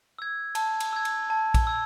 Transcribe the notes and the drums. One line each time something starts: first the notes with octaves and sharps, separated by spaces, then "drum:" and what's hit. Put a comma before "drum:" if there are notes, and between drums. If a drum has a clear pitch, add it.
E6 G#6
A5, drum: cymbal
drum: cymbal
E6 G#6
drum: cymbal
A5
drum: kick A#1, cymbal
E6 G#6